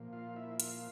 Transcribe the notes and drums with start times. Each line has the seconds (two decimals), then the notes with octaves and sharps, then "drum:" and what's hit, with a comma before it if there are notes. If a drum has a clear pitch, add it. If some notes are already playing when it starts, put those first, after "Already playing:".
Already playing: A#2 F3 A#3
0.13 F4 F5
0.36 E4 E5
0.60 F4 F5, drum: hi-hat